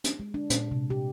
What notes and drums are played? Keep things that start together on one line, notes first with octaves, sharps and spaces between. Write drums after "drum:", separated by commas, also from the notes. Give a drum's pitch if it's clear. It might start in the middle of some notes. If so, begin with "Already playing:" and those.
drum: hi-hat
G#3
D4
A#2, drum: hi-hat
C3
G4